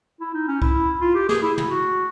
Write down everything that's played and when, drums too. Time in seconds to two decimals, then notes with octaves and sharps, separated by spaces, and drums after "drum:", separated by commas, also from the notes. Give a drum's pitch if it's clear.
0.21 E4
0.34 D#4
0.48 C#4
0.62 E4, drum: kick C2
1.01 F4
1.15 G4
1.29 G#4, drum: snare
1.42 E4
1.58 drum: tom
1.69 F#4